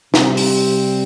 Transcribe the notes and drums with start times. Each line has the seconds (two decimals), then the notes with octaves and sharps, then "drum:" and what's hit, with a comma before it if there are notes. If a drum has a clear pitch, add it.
0.14 C3 G3 C4, drum: snare
0.37 drum: open hi-hat